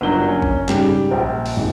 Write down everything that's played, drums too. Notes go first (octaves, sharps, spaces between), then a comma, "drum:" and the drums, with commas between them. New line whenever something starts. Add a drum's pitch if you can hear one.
G1 F#3 A#3 D4 G7
C#4
drum: kick
G#2 C#3 G3 G4, drum: clap
A#1 C5 G5
drum: open hi-hat
G#1 C#2